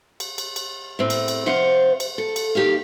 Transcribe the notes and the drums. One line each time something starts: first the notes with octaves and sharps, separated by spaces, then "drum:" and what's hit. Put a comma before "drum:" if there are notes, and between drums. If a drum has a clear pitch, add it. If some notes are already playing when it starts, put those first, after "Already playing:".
drum: cymbal
drum: cymbal
drum: cymbal
A2 C4
drum: cymbal
drum: cymbal
C3 F3 C5 F5 F#5
drum: cymbal
A4
drum: cymbal
D#2 G4 A#4 F5